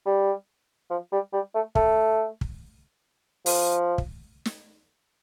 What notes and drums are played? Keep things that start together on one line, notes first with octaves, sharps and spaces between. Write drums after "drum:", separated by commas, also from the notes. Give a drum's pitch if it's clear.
G3
F3
G3
G3
A3
A3, drum: kick
drum: kick
F3, drum: open hi-hat
drum: kick
drum: snare